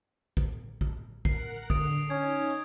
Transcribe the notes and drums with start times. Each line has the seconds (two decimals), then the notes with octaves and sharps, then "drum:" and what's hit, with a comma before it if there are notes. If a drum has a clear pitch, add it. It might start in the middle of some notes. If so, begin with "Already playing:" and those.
0.37 drum: kick
0.81 drum: kick
1.25 A#4 F#5 C7, drum: kick
1.70 D3 D#6 D7, drum: kick
2.10 C#4 D#4 G#6